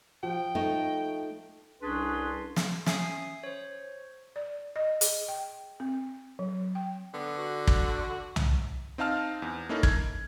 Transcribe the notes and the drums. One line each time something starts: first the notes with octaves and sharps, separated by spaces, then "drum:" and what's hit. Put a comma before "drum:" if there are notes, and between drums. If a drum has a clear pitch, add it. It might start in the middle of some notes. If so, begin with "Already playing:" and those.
F3 G5
A3 D#4
C2 C#4 D4 G#4 B4 C6
drum: snare
C#4 E5 G#5 D#6 C7, drum: snare
C5 C#5
D5
D#5
G#4, drum: hi-hat
G5
C4
F#3
G5
D3 B3
F#4
drum: kick
drum: tom C2
C4 D#4 F5 A5 F6
E2
A#3 C#4 D#4 E4 A4 A#4
G#6, drum: kick